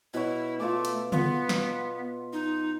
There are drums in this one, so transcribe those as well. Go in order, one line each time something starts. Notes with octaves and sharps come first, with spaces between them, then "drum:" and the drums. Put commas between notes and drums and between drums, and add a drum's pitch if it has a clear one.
B2 E4 C#5
A3 F4 A5 D6
drum: hi-hat
B3 F4, drum: tom C#3
drum: snare
D#4